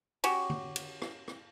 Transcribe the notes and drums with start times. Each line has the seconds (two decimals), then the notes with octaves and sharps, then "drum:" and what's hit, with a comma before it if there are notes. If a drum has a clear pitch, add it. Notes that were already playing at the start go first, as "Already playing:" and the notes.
0.24 C#4 F#4 G4, drum: cymbal
0.50 drum: tom D3
0.76 drum: cymbal
1.02 drum: rim click
1.28 drum: rim click